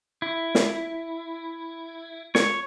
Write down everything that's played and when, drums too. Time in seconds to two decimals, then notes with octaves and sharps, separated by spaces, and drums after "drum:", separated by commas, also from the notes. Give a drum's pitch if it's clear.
0.22 E4
0.55 drum: snare
2.35 C#5, drum: snare